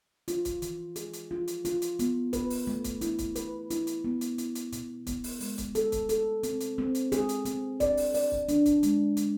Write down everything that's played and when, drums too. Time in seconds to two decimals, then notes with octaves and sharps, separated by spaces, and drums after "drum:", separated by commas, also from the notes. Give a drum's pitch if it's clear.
0.28 F4, drum: hi-hat
0.45 drum: kick C#1, hi-hat
0.62 E3, drum: hi-hat
0.96 G#4, drum: hi-hat
1.13 drum: hi-hat
1.31 F4
1.48 drum: hi-hat
1.65 F4, drum: hi-hat
1.82 drum: hi-hat
1.99 B3, drum: hi-hat
2.33 B4, drum: kick C#1, hi-hat
2.50 drum: open hi-hat
2.67 A3
2.84 drum: kick C#1, hi-hat
3.01 E4, drum: hi-hat
3.19 drum: kick C#1, hi-hat
3.36 B4, drum: hi-hat
3.70 E4, drum: hi-hat
3.87 drum: hi-hat
4.04 B3
4.21 drum: hi-hat
4.38 E4, drum: hi-hat
4.55 drum: hi-hat
4.73 B2, drum: hi-hat
5.07 B3, drum: kick C#1, hi-hat
5.24 drum: open hi-hat
5.40 G#3, drum: open hi-hat
5.58 drum: kick C#1, hi-hat
5.75 A4, drum: hi-hat
5.92 drum: kick C#1, hi-hat
6.09 A4, drum: hi-hat
6.43 C4, drum: hi-hat
6.61 drum: hi-hat
6.78 C4
6.95 drum: hi-hat
7.12 G#4, drum: hi-hat
7.29 drum: hi-hat
7.45 C4, drum: hi-hat
7.80 D5, drum: kick C#1, hi-hat
7.97 drum: open hi-hat
8.14 D5, drum: open hi-hat
8.32 drum: kick C#1
8.48 D4, drum: hi-hat
8.66 drum: kick C#1, hi-hat
8.83 G#3, drum: hi-hat
9.17 G#3, drum: hi-hat